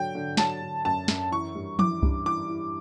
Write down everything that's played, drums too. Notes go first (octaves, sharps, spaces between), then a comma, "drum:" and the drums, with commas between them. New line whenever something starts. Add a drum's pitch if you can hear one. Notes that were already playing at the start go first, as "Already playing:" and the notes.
Already playing: D3 F#3 G5
D3
F#3 A5, drum: snare
D3
F#2 A5
F#2, drum: snare
E3 C#6
G2
E3 D6, drum: tom F3
G2, drum: kick C2
E3 D6
E4